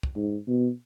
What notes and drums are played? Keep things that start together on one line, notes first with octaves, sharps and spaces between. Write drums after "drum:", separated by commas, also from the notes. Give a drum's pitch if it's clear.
drum: kick
G#2
B2